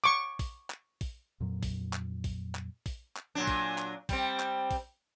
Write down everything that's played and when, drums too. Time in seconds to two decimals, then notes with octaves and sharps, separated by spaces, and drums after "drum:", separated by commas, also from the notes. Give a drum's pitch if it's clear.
0.04 C#6 D6
0.39 drum: kick, open hi-hat
0.70 drum: clap
1.01 drum: kick, open hi-hat
1.40 F2 A#2 F#3
1.63 drum: kick, open hi-hat
1.93 drum: clap
2.24 drum: kick, open hi-hat
2.55 drum: clap
2.86 drum: kick, open hi-hat
3.17 drum: clap
3.35 A#2 F#3 D4
3.47 drum: kick, open hi-hat
3.78 drum: clap
4.09 G3 C4, drum: kick, open hi-hat
4.40 drum: clap
4.71 drum: kick, open hi-hat